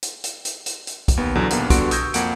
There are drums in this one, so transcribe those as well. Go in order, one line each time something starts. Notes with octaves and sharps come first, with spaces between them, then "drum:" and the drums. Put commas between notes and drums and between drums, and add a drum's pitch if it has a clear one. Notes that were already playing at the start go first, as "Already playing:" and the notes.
drum: hi-hat
drum: hi-hat
drum: hi-hat
drum: hi-hat
drum: hi-hat
drum: kick, hi-hat
D#2 B3
E2 B2 D3 F#3
A#1 D#2 A#3 B3, drum: hi-hat
D3 G3 B3 F#4 C6 D7, drum: kick, hi-hat
C#6 D#6 E6 G6 G#6 A#6, drum: hi-hat
F2 A#3 F#5 D7, drum: hi-hat